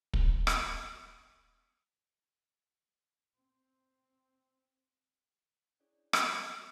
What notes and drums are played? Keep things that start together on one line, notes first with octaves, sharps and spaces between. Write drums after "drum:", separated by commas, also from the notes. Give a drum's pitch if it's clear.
B4, drum: kick
G5, drum: rim click
C4
C#4 D4 E4 G#4 C#5 D5
drum: rim click